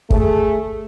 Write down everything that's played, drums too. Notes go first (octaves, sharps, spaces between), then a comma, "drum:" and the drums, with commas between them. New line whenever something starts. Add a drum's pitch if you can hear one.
A3 G#4, drum: kick